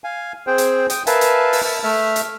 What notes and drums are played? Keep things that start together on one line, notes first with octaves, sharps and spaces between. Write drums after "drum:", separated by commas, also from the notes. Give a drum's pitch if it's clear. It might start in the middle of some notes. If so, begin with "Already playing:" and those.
F5 G#5
C4 G#4 C5 G5
drum: hi-hat
G5 D#6, drum: hi-hat
A#4 B4 E5 F5 G#5 A5, drum: hi-hat
drum: hi-hat
drum: open hi-hat
E5 A5
A3 E5 F6
drum: hi-hat